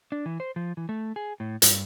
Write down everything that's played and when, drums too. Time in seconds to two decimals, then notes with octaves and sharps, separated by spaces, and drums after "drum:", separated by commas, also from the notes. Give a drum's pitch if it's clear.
0.12 D4
0.26 E3
0.40 C5
0.56 F3
0.77 E3
0.89 A3
1.16 G#4
1.40 A2
1.62 G2, drum: hi-hat